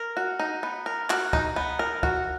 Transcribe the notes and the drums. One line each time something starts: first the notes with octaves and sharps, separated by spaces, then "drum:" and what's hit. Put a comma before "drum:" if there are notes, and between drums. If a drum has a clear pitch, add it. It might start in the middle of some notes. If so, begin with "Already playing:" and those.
Already playing: A#4
F#4
D#4
B3
A#4
F#4, drum: clap
D#4, drum: kick C#2
B3
A#4
F#4, drum: kick C#2